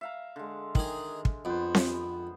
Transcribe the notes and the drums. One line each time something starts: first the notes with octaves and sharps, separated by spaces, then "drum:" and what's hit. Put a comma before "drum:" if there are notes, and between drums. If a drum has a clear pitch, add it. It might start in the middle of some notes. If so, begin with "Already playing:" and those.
E5 F5 A#5
D3 G#3
D#3 G#4, drum: kick
drum: kick
F2 B3 C5
drum: snare C4